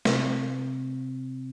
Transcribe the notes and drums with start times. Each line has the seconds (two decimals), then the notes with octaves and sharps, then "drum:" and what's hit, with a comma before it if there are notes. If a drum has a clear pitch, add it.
0.05 C3 C4, drum: snare